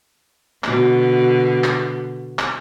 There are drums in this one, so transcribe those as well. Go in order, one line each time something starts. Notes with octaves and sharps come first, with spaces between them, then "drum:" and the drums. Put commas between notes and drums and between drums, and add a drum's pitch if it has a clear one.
B2 D3, drum: clap
drum: clap
drum: clap